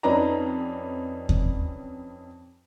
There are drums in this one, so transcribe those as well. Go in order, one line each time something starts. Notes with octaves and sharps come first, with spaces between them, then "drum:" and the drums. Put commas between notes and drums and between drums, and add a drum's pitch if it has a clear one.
F2 C#4 D#4 B4 D5 A#5
drum: kick D#2